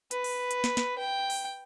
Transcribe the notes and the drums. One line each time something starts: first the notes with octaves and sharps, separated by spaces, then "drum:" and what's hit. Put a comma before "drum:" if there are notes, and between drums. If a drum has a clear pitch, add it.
B4, drum: hi-hat
drum: open hi-hat
drum: hi-hat
drum: snare
drum: snare
G5
drum: open hi-hat